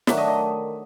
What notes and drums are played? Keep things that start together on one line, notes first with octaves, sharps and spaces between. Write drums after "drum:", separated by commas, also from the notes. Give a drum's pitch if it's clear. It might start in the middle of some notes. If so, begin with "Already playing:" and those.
D#3 F#3 A3 D4 E5, drum: snare
D#5
D#5